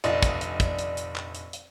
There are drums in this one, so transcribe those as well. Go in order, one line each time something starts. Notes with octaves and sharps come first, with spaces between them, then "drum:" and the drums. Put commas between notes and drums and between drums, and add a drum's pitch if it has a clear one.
F1 A#1 D5 D#5, drum: hi-hat
drum: kick, hi-hat
drum: hi-hat
drum: kick, hi-hat
drum: hi-hat
drum: hi-hat
drum: clap
drum: hi-hat
drum: hi-hat